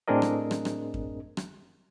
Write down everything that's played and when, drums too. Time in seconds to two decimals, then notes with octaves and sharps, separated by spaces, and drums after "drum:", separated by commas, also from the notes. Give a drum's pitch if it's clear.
0.08 A2 C4 D4 G#4 A#4 D#5
0.22 drum: rim click
0.51 drum: rim click
0.65 drum: rim click
0.94 drum: kick F#2
1.37 drum: rim click